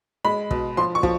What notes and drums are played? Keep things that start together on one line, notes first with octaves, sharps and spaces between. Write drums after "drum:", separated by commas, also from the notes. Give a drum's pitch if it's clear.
G#3 B5
B2, drum: kick
F3 C6
C#6
F3, drum: kick